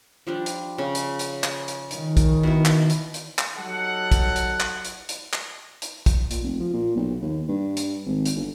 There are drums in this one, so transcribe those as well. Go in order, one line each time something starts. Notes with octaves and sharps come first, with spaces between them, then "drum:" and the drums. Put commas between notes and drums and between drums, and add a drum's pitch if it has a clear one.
F3 G3 D4
drum: hi-hat
C#3
drum: hi-hat
drum: hi-hat
drum: clap
drum: hi-hat
D#3, drum: hi-hat
drum: kick, hi-hat
B2 E4
drum: clap
drum: hi-hat
drum: hi-hat
drum: clap
F#3 D#4 G4 A4 F#5
drum: kick, hi-hat
drum: hi-hat
drum: clap
drum: hi-hat
drum: hi-hat
drum: clap
drum: hi-hat
drum: kick, hi-hat
A#2, drum: hi-hat
F1
F3
A#2
B1
D#2
G2
drum: hi-hat
G#1
drum: hi-hat
G1